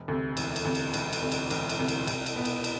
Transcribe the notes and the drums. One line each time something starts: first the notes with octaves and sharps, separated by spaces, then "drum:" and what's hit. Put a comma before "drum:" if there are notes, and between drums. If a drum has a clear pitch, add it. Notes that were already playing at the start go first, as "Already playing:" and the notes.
Already playing: E1
D2 C3
E1, drum: cymbal
drum: cymbal
D2 C3
drum: cymbal
E1, drum: cymbal
drum: cymbal
D2 C3
drum: cymbal
E1, drum: cymbal
drum: cymbal
D2 C3
drum: cymbal
C2, drum: cymbal
drum: cymbal
B2 B3
drum: cymbal
drum: cymbal